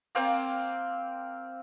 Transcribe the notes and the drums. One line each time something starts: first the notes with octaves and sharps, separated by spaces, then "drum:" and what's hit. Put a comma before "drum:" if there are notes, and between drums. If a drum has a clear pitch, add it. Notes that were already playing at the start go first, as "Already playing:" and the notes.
A#3 C4 F5 G5, drum: open hi-hat